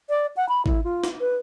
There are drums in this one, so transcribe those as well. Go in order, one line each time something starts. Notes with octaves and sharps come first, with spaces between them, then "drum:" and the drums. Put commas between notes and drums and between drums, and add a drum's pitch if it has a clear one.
D5
F#5
B5
E4, drum: kick
F4
drum: snare
B4